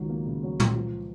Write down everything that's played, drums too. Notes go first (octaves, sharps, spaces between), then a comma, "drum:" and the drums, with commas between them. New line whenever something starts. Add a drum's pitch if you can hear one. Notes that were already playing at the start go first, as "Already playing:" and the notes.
Already playing: C#2 D#3 F#3
A#3
C#3
F#3
C#2, drum: tom
F3